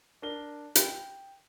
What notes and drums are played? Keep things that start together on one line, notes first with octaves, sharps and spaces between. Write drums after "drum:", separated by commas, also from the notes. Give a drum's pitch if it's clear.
D4 A#4 G7
G5, drum: hi-hat